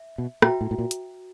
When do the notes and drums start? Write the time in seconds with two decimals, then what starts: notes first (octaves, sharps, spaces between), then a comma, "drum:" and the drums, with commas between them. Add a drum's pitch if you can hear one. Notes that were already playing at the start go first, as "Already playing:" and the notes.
Already playing: E5
0.18 B2
0.42 A#2 F#4 B4 E5 G5 A#5, drum: rim click
0.61 A2
0.71 A2
0.78 A#2
0.91 drum: hi-hat